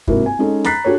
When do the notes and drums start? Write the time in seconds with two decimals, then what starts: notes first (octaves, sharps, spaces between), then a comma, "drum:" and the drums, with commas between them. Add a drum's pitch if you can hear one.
0.07 C2 G#2 A#3 E4 F#4, drum: kick
0.26 G#5
0.39 G#3 C#4 D#4 G#4 A4
0.64 A#5 B5 F#6 A6 B6 C7, drum: snare
0.84 D4 F#4 G4 A4 C#5